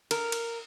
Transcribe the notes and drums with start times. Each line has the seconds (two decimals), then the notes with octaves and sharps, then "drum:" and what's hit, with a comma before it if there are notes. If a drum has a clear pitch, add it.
0.11 A#4, drum: cymbal
0.32 drum: cymbal